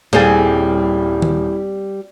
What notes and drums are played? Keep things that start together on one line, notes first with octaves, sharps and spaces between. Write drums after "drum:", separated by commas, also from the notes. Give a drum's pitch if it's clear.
D#1 G3 C4 E4 G#4 F5 A6, drum: snare
drum: tom D#3